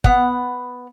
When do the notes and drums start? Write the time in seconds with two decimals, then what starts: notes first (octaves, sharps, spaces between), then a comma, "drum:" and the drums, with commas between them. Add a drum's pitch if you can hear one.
0.04 B3 F#5, drum: kick